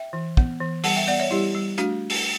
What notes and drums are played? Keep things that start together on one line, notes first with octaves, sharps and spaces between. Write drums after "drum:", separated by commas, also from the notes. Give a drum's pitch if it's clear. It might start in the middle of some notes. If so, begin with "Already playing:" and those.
Already playing: E5 G5
E3
B3, drum: kick
E3
G3 F#5 A5, drum: open hi-hat
E5 G5
B3 D5 F#5
C#5 E5
G3 E4 G4
G3
A3 D4 F#4, drum: hi-hat
drum: open hi-hat